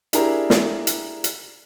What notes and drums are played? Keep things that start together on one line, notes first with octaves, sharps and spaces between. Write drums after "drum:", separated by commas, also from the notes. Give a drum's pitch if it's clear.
D4 E4 G4 G#4 A#4 A#5, drum: hi-hat
drum: snare
drum: hi-hat
drum: hi-hat